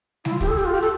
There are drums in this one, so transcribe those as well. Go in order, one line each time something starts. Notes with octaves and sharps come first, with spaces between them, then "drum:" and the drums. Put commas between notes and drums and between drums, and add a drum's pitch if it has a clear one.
E4, drum: snare G3
F4
G4, drum: kick, hi-hat
A4
G4, drum: hi-hat
F4
G4, drum: open hi-hat
A4